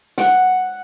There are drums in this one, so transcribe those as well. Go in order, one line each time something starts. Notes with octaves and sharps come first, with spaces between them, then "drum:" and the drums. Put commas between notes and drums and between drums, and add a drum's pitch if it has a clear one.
F#5, drum: hi-hat